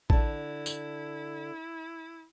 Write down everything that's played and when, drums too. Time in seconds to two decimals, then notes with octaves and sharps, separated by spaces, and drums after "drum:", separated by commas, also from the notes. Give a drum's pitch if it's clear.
0.10 D3 E4 A5, drum: kick
0.66 drum: tambourine